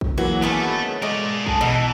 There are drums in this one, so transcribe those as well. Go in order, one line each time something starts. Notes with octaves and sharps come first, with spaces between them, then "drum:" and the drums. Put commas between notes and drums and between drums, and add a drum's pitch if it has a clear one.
drum: kick A1
E3 F#3 A#3 F#4 G#4
D#3 A3 B3 C#4
G#3 A3 A#4 D5 D#5
F#4 G#4 A5, drum: kick A1
B2 E3 D#4